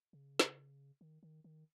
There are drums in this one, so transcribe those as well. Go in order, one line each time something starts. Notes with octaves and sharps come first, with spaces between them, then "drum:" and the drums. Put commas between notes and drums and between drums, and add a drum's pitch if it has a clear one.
C#3
drum: snare
D#3
D#3
D#3